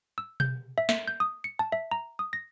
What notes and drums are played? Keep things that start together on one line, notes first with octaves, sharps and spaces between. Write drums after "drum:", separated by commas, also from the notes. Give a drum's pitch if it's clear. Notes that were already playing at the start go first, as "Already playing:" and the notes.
E6
G6, drum: tom B2
E5
E5, drum: snare
G6
D#6
C#7
A5
E5
A#5
D#6
A#6